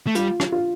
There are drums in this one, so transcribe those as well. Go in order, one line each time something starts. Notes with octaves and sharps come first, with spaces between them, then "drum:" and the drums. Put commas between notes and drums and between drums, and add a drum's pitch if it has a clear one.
A3
G3 F4, drum: hi-hat
drum: rim click
F4